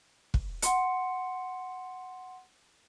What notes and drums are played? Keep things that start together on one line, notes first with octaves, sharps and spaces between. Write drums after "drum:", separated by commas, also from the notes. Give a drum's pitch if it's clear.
drum: kick
F#5 C6 C#7, drum: hi-hat